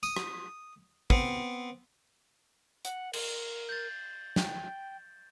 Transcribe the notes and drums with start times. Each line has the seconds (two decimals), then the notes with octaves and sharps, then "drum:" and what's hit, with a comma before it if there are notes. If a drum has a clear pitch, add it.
0.03 D#6, drum: tambourine
0.16 drum: rim click
1.10 B3 C4, drum: kick
2.85 F#5, drum: hi-hat
3.13 A#4 F#7 G7, drum: cymbal
3.69 G6 A6
4.36 G5, drum: snare